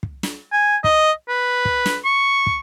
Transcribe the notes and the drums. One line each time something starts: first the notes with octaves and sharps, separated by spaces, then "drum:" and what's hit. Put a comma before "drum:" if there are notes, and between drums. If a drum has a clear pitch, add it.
drum: kick
drum: snare
G#5
D#5, drum: kick
B4
drum: kick
drum: snare
C#6
drum: kick